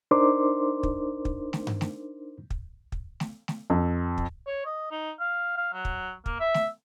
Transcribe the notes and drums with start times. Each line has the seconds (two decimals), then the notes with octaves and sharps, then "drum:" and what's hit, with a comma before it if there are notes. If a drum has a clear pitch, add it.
0.11 D4 D#4 A#4 C5 C6 D6
0.83 drum: kick
1.25 drum: kick
1.53 drum: snare A3
1.67 drum: tom G2
1.81 drum: snare A3
2.50 drum: kick
2.92 drum: kick
3.20 drum: snare A3
3.48 drum: snare A3
3.70 F2
4.18 drum: kick
4.47 C#5
4.66 D#5
4.91 D#4
5.20 F5
5.57 F5
5.73 F#3
5.85 drum: kick
6.26 A#3, drum: kick
6.40 E5
6.54 drum: snare A3